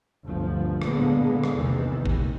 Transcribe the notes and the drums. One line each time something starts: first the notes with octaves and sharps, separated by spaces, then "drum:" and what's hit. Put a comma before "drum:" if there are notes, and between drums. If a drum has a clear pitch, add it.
G1 D2 F3
A#2 D3 G#3 A#3 B3, drum: rim click
drum: rim click
A#1 E2 C3 D#3 E3
drum: kick G1